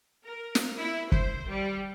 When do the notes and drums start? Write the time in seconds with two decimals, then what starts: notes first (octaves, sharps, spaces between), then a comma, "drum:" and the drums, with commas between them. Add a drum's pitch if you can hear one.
0.23 A#4
0.55 drum: snare
0.78 E4
1.12 C5, drum: kick
1.48 G3